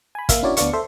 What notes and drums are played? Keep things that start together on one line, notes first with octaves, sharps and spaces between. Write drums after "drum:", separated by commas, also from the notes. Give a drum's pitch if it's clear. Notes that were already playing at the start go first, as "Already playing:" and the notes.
G#5 B5
A#3 E5 F5, drum: kick, hi-hat
C#4 D4 E4 F#4 C#5 D5
D2 B3 D4 D5 F5 C#6, drum: hi-hat
A4 C5 E5 C6